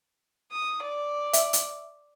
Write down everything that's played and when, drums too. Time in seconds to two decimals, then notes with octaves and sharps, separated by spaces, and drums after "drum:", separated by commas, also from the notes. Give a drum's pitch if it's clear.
0.52 D#6
0.83 D5
1.33 E5, drum: hi-hat
1.53 drum: hi-hat